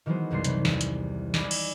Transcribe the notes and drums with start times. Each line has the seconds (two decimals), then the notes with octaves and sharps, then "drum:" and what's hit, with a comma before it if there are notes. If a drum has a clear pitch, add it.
0.06 D#3 E3 F#3 G#3 B3 C5
0.31 F#1 C2 G3 B3 C6 C7
0.44 C3 E3, drum: hi-hat
0.65 E2, drum: snare
0.81 drum: hi-hat
1.34 D#4 D5 G#5 B5, drum: snare
1.51 drum: cymbal